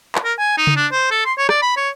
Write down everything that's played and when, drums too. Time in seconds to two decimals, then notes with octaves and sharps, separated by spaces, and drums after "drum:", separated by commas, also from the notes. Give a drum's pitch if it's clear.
0.15 drum: clap
0.24 A#4
0.38 G#5
0.58 D#4
0.67 drum: tom C#3
0.76 D4
0.92 C5
1.11 A4
1.25 C6
1.38 C#5
1.49 D5, drum: rim click
1.62 B5
1.76 C#5